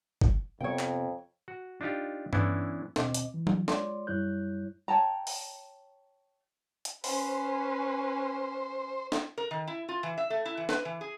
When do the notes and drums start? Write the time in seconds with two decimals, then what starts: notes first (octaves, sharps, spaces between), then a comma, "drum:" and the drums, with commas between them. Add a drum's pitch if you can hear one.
0.21 drum: kick F#1
0.61 F2 C3 B3 C#5 G5
0.79 drum: clap
1.48 F#4
1.81 D4 D#4 F4 G4
2.33 E3 B3 C#4 D4 E4, drum: tom G2
2.96 D#2 B2 C4 D#5 D6, drum: snare
3.14 drum: hi-hat
3.34 E3
3.47 drum: tom F#3
3.68 G#3 F4 C#5 D5 C6 D6, drum: snare
4.07 F#2 G3 E4 C#5 F#6 G6
4.88 C#5 G5 A5 A#5
5.27 drum: open hi-hat
6.85 drum: hi-hat
7.04 C#4 B4 C5, drum: open hi-hat
9.12 drum: snare
9.38 A#4
9.51 D#3
9.67 E4
9.89 F4
10.03 E3
10.18 E5
10.30 A3
10.45 E4
10.57 E3
10.69 B4, drum: snare
10.85 E3
11.01 G#4